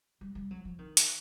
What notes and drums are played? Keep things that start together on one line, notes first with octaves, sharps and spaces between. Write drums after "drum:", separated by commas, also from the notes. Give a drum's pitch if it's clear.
G3
G3
F#3
F3
D#3
drum: hi-hat